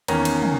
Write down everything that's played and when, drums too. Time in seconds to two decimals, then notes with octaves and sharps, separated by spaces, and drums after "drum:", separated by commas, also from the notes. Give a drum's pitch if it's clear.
0.08 E2 D#3 A#3 C#4 A#5, drum: cymbal
0.25 drum: cymbal
0.42 drum: tom